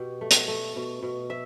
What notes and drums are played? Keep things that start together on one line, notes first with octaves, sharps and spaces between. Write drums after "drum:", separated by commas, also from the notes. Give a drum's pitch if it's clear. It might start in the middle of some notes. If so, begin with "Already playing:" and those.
Already playing: B2 G4
A3
drum: hi-hat
A3
B2
B2
E5